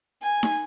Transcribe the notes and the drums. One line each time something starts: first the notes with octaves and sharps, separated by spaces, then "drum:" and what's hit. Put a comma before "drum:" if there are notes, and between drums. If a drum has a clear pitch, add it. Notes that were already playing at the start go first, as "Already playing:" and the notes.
G#5
drum: snare D#4